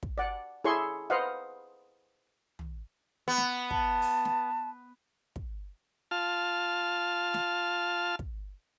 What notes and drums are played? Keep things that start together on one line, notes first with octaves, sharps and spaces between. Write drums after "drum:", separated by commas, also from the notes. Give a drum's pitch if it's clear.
drum: kick
D5 F#5
E4 G#4 A4 C#5 C6 C#6
B4 C5 D#5 F5 F#5
drum: tom
B3
drum: snare
A5, drum: kick
drum: open hi-hat
drum: snare
drum: kick
F4 A5 F6
drum: snare
drum: kick